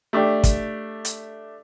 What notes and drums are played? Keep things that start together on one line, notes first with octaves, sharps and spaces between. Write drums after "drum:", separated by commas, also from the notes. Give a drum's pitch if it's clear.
A3 D4 G4
drum: kick, hi-hat
drum: hi-hat